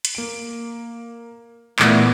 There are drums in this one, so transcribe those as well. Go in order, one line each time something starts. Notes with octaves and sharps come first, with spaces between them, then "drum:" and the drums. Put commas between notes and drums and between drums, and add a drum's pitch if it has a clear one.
drum: hi-hat
A#3 D7
A#2 E3 A3 B3 D5, drum: clap